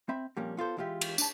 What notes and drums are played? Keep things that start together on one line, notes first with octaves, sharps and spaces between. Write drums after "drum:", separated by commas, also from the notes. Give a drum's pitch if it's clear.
C4 E5 B5
F2 A#2 G3 A#3 C#4
B3 F4 A4 C5
E3 G#3 E4 F4 G4 E5
drum: cymbal
D4 A5, drum: tambourine